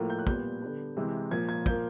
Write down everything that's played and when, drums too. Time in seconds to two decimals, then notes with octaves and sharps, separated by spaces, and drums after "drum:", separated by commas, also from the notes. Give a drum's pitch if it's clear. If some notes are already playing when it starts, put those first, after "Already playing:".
Already playing: A2 F3 A#3
0.10 G6
0.19 F#6
0.27 A#2 G3 B3 G6, drum: kick
0.62 D3 G3 B3
0.97 C3 E3 G#3
1.31 A#2 F3 A#3 G#6
1.49 G#6
1.66 A#2 F3 A#3 G6, drum: kick